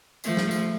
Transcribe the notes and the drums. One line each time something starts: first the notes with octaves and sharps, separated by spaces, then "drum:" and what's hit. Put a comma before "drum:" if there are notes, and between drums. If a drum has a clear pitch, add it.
F3 A3, drum: tambourine
drum: snare
drum: tambourine